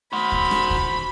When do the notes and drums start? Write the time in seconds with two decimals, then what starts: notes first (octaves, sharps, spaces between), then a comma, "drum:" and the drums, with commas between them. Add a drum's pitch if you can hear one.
0.13 F#4 C5 B5
0.32 drum: kick
0.51 drum: rim click
0.70 drum: kick